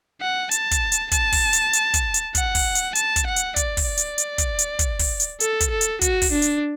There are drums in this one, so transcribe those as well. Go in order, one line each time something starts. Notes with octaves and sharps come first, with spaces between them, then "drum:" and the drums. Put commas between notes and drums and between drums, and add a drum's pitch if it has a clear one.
F#5
A5, drum: hi-hat
drum: kick, hi-hat
drum: hi-hat
A5, drum: kick, hi-hat
drum: kick, open hi-hat
drum: hi-hat
drum: hi-hat
drum: kick, hi-hat
drum: hi-hat
F#5, drum: kick, hi-hat
drum: kick, open hi-hat
drum: hi-hat
A5, drum: hi-hat
drum: kick, hi-hat
F#5
drum: hi-hat
D5, drum: kick, hi-hat
drum: kick, open hi-hat
D5
drum: hi-hat
drum: hi-hat
drum: kick, hi-hat
drum: hi-hat
drum: kick, hi-hat
drum: kick, open hi-hat
drum: hi-hat
A4, drum: hi-hat
drum: kick, hi-hat
A4
drum: hi-hat
F#4, drum: kick, hi-hat
drum: kick, open hi-hat
D4
drum: hi-hat